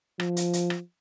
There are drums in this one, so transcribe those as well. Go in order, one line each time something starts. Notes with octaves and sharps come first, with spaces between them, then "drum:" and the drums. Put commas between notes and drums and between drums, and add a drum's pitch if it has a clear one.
F3, drum: rim click
drum: hi-hat
drum: hi-hat
drum: rim click